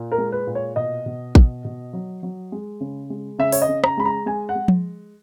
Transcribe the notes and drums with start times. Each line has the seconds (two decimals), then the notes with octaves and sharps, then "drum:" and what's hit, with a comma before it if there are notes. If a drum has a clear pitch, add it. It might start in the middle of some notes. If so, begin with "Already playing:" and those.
Already playing: A#2
0.12 A#4
0.18 G#3
0.32 B4
0.47 A#2
0.55 C#5
0.76 B2 D#5
1.06 B2
1.35 B2, drum: kick A1
1.65 B2
1.93 F#3
2.23 F#3
2.52 G#3
2.80 C#3
3.10 G#3
3.39 C#3 E5
3.52 C#5, drum: open hi-hat
3.62 D#5
3.69 C#3
3.84 A#5, drum: rim click
3.97 G#3 B5
4.05 A#5
4.26 G#3 G#5
4.49 F#5
4.55 G#3
4.68 drum: tom F3